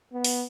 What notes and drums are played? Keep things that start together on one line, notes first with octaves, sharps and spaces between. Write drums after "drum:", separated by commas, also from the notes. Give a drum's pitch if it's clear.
B3
drum: open hi-hat